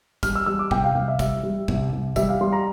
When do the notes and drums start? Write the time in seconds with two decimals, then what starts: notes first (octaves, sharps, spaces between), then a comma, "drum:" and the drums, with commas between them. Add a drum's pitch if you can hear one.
0.23 G3 F6, drum: kick, tambourine
0.35 E6
0.46 G3 E6
0.59 D6
0.71 C2 G5, drum: kick
0.84 F5
0.95 C2 F5
1.08 E5
1.19 G3 E5, drum: kick, tambourine
1.43 G3
1.68 C2, drum: kick
1.92 C2
2.16 G3 E5, drum: kick, tambourine
2.29 F5
2.41 G3 C6
2.53 A#5